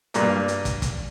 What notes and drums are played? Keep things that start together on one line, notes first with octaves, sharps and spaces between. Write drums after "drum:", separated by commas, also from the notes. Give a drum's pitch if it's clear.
G2 A#3, drum: hi-hat
drum: hi-hat
drum: kick, hi-hat
drum: kick, hi-hat